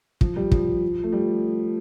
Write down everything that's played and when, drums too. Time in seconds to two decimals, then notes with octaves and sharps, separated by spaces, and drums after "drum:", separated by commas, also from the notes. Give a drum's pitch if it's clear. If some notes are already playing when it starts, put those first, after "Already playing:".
0.21 F3, drum: kick
0.36 G3
0.52 F3, drum: kick
1.03 A3
1.12 G3